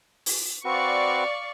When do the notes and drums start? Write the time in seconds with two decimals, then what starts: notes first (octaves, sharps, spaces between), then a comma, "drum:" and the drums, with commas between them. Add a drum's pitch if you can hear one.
0.26 drum: open hi-hat
0.65 C4 F#4 B4 D5 F5 C#6